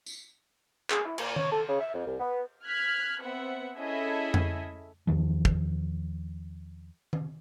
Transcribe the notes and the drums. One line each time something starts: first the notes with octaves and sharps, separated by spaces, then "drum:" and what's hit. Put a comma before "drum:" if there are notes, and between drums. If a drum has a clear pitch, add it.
drum: tambourine
G#4, drum: clap
E4
A#2, drum: cymbal
C#5, drum: tom D#3
A4
C#3
E5
F2
C2
B3
F6 F#6 G#6 B6
B3 C4 E5 F#5
C#4 E4 G#4 A4 D#5 E5
drum: tom F2
E2 D#3 F3
drum: kick
drum: tom D#3